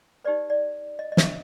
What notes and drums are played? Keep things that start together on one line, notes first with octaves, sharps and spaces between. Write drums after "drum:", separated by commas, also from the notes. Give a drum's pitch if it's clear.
D#4 G4 B4 D5
D5
D#5
D#5
E5, drum: snare